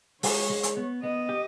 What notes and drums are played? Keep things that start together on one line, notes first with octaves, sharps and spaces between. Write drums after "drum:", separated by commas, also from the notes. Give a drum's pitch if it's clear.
G#3 C#5, drum: open hi-hat
G#3
drum: hi-hat
B3
B3 D#5
G4